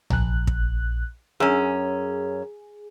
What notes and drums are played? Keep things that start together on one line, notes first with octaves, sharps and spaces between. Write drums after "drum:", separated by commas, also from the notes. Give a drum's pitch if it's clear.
A#1 F#6, drum: tom C2
drum: kick
F#2 C#4 G#4